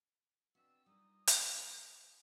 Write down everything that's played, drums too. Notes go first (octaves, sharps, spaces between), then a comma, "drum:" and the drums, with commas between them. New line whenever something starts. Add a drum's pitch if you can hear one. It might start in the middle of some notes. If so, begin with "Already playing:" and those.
B2 C4 D4 F#4 E6
A#2 G3 D#4 D#6
drum: hi-hat